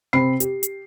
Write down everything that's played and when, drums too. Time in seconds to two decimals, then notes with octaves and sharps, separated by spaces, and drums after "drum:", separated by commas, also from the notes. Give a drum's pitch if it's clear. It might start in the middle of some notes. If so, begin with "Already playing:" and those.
0.13 C3 C4 B5 C7
0.40 G4, drum: hi-hat
0.63 drum: hi-hat